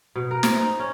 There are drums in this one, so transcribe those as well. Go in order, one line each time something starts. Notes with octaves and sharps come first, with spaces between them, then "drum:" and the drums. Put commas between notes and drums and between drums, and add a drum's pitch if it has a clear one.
B2
A#4
C4, drum: snare
D#4
C#4